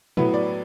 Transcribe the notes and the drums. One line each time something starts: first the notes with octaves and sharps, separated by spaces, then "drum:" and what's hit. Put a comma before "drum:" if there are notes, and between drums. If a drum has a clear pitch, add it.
A2 F#3 B3 E4 B4, drum: tom A#2
D5